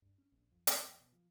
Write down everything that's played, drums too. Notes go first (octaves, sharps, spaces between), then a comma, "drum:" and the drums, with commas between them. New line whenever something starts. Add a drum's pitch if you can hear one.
G2
C#4
A#1
F2
G#2, drum: hi-hat
F2
B2
F3